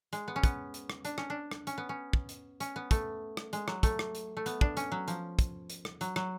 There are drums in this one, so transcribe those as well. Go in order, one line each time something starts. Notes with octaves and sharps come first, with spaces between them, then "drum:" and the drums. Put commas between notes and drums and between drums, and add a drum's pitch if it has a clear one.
G#3, drum: hi-hat
B3
C#4
B3, drum: kick, hi-hat
drum: hi-hat
drum: rim click
D4, drum: hi-hat
C#4, drum: rim click
D4
drum: rim click
C#4, drum: hi-hat
B3
C#4
drum: kick
drum: hi-hat
C#4, drum: hi-hat
B3
A3, drum: kick, hi-hat
drum: rim click
G#3, drum: hi-hat
F#3, drum: rim click
A3, drum: kick, hi-hat
drum: rim click
drum: hi-hat
A3
B3, drum: hi-hat
D4, drum: kick
C#4, drum: hi-hat
F#3
F3, drum: hi-hat
drum: kick, hi-hat
drum: hi-hat
drum: rim click
F#3, drum: hi-hat
F#3, drum: rim click